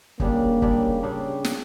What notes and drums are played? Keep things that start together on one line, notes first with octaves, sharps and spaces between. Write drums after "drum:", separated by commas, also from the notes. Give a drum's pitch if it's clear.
C#3 G3 A#3 D4, drum: kick
C#3 G3 D4, drum: kick
C#3 G3 D4
drum: snare